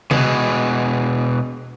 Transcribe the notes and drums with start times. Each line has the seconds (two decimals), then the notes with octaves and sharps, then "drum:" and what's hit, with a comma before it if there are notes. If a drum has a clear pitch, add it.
0.11 B2 G#3, drum: tom C3